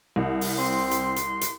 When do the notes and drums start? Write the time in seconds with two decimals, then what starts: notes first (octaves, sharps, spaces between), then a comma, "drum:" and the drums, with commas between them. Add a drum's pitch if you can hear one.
0.16 C2
0.41 drum: open hi-hat
0.58 C4 C6
0.91 drum: hi-hat
1.16 drum: hi-hat
1.41 drum: hi-hat